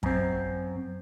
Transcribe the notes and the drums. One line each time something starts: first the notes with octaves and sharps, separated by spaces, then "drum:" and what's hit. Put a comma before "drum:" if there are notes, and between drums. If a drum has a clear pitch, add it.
F#2 C4, drum: kick